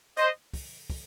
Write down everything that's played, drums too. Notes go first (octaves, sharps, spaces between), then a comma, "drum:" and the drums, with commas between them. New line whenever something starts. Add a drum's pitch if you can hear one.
C5 D#5, drum: hi-hat
drum: kick, open hi-hat
drum: kick, open hi-hat